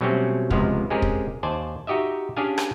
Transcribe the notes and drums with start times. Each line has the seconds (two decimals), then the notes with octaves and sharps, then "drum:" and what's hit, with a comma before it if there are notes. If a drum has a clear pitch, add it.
0.01 B2 F#3 G3 A3 C4 C#4
0.50 C#2 C3 F3 G#3 B3 F5, drum: kick
0.90 G#3 C4 C#4 G4 G#4 A#4
1.02 drum: kick
1.43 D#2 C5 D5 G#5 A5
1.87 D#4 F#4 G4 D#5 E5
2.36 C#4 D4 G4 G#4 F5 G#5
2.58 drum: rim click